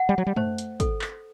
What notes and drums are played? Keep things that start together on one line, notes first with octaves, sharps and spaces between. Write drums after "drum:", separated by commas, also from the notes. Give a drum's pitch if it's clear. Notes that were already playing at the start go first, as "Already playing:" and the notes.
Already playing: F#5
G3
F#3
G3
A3 C5, drum: tom
drum: hi-hat
A4, drum: kick, hi-hat
drum: clap